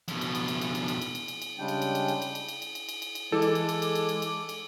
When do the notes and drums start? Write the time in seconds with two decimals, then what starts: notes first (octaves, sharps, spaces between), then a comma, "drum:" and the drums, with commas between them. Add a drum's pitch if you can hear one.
0.08 F2 B2, drum: cymbal
0.21 drum: cymbal
0.35 drum: cymbal
0.48 drum: cymbal
0.61 drum: cymbal
0.75 drum: cymbal
0.88 drum: cymbal
1.02 drum: cymbal
1.15 drum: cymbal
1.28 drum: cymbal
1.42 drum: cymbal
1.59 C#3 G3 G#3 D4 G5
1.68 drum: cymbal
1.82 drum: cymbal
1.95 drum: cymbal
2.08 drum: cymbal
2.22 drum: cymbal
2.35 drum: cymbal
2.48 drum: cymbal
2.62 drum: cymbal
2.75 drum: cymbal
2.89 drum: cymbal
3.02 drum: cymbal
3.15 drum: cymbal
3.32 E3 G#3 A4 D6
3.42 drum: cymbal
3.55 drum: cymbal
3.69 drum: cymbal
3.82 drum: cymbal
3.95 drum: cymbal
4.09 drum: cymbal
4.22 drum: cymbal
4.49 drum: cymbal